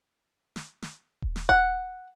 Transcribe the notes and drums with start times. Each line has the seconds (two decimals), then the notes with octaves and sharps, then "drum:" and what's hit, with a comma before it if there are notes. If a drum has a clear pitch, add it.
0.56 drum: snare
0.82 drum: snare
1.22 drum: kick D#1
1.36 drum: snare
1.49 F#5, drum: kick D#1